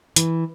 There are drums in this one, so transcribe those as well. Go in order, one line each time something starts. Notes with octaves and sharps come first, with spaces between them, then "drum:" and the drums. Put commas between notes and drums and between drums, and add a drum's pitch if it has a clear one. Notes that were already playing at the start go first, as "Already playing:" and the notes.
E3, drum: hi-hat